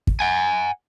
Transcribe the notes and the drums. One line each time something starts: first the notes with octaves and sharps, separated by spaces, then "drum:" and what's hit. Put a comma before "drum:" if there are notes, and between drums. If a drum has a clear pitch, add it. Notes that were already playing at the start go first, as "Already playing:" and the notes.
drum: kick
F#5 G#5